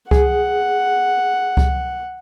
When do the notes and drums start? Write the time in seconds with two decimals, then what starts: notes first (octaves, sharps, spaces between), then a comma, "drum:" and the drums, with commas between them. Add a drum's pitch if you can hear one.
0.11 G#4 F#5, drum: kick C#2
1.57 drum: kick C#2